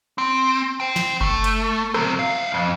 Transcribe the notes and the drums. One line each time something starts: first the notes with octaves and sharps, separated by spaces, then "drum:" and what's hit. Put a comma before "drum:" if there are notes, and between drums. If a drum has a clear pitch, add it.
C4
C5 G5
drum: snare
A3, drum: kick F#1
drum: hi-hat
F#3 C4, drum: rim click
C2 F5
F2